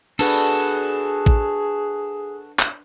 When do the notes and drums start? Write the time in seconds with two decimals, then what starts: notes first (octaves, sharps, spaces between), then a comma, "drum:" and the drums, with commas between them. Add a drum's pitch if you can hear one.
0.19 D4 F#4 G#4 A4 B4, drum: cymbal
1.26 drum: kick A1
2.59 drum: clap